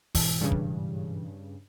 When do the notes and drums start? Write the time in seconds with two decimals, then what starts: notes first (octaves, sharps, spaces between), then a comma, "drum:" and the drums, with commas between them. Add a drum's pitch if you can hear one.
0.15 G#2 B2 E3, drum: kick, open hi-hat
0.41 G2 C#3
0.52 drum: kick